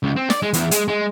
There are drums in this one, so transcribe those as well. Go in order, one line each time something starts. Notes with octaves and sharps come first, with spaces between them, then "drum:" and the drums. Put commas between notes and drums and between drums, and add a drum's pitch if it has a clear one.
C#2
C4
D5, drum: snare
G#3
E2, drum: hi-hat
G#3, drum: hi-hat
G#3